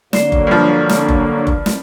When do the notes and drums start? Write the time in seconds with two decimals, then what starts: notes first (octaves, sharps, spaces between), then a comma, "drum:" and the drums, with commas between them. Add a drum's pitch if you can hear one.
0.13 D3 F#3 A#3 D5 C7, drum: snare
0.32 drum: kick F#1
0.47 G2 F3
0.89 drum: snare
1.09 drum: kick F#1
1.47 drum: kick F#1
1.66 drum: snare